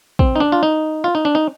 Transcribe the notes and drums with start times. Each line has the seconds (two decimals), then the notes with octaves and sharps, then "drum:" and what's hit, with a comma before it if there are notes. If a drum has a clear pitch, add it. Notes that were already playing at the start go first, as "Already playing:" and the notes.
0.19 C4, drum: kick
0.36 D#4
0.40 D4
0.52 F4
0.63 D#4
1.04 F4
1.15 D#4
1.25 D4
1.35 D#4